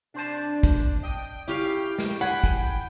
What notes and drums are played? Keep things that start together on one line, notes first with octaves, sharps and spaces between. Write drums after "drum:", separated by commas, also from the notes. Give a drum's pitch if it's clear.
C3 D4 C5 A5
drum: kick, hi-hat
D#5 G5
C#4 E4 G4 F5
drum: snare
G#4 F#5 B5
drum: kick, hi-hat